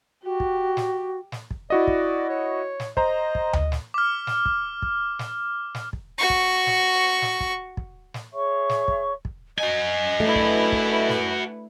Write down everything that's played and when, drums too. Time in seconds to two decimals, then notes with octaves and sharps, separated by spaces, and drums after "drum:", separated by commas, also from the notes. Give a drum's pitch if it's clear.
0.24 F#4 G4
0.40 drum: kick
0.77 drum: snare
1.32 drum: snare
1.51 drum: kick
1.70 E4 F#4 D5 D#5
1.87 drum: kick
2.29 C#5
2.80 drum: snare
2.97 C5 D#5 A#5, drum: kick
3.35 drum: kick
3.53 drum: tom D2
3.72 drum: snare
3.94 D6 F6
4.27 drum: snare
4.45 drum: kick
4.82 drum: kick
5.19 drum: snare
5.75 drum: snare
5.93 drum: kick
6.18 F#4 C#6
6.30 drum: kick
6.67 drum: snare
7.22 drum: snare
7.40 drum: kick
7.77 drum: kick
8.14 drum: snare
8.33 G#4 C#5 E5 C#6
8.69 drum: snare
8.88 drum: kick
9.25 drum: kick
9.58 F#4 D#5 G#5
10.20 A3 D4 E4 B4
10.35 drum: kick
10.72 drum: kick
11.09 drum: snare